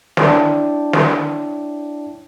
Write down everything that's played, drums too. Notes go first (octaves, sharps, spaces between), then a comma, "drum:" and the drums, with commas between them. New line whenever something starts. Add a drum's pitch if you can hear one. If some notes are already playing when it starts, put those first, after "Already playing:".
D4 E4 C#5 D5 G5 A5, drum: snare
drum: snare